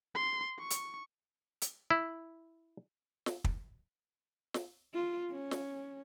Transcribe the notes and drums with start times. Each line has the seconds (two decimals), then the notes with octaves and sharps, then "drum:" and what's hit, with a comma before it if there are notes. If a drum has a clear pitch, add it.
0.15 C6
0.59 C#6
0.70 drum: hi-hat
1.61 drum: hi-hat
1.90 E4
3.26 drum: snare
3.44 drum: kick
4.54 drum: snare
4.94 F4
5.31 C#4
5.51 drum: snare